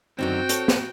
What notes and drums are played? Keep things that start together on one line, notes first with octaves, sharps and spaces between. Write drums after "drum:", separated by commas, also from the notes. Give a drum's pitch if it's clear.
F#2 D3 D#3 C4 F#4 G5
A4 C#5, drum: hi-hat
drum: snare